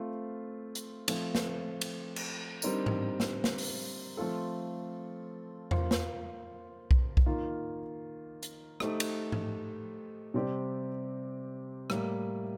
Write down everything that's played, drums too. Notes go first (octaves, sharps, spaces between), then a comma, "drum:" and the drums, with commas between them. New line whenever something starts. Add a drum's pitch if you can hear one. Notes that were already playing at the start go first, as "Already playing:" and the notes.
Already playing: A3 C4 F4 C5
drum: hi-hat
F3 A3 C4, drum: cymbal
drum: snare
drum: cymbal
drum: cymbal
D3 G3 C4 D#4 A#4, drum: tambourine
drum: tom G#2
drum: snare
drum: snare
drum: open hi-hat
F3 A3 C4 F4 A4
A#3 F4 C5, drum: tom E2
drum: snare
drum: kick B1
drum: kick B1
D#3 A#3 F4
drum: hi-hat
A3 D#4 G4 C5, drum: rim click
drum: cymbal
drum: tom G#2
C3 G3 C4 G4 D5
A2 G3 A#3, drum: rim click